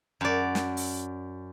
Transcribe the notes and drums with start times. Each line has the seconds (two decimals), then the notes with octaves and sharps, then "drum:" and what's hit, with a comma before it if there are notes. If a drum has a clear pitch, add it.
0.21 F#2 D5
0.55 drum: snare
0.77 drum: open hi-hat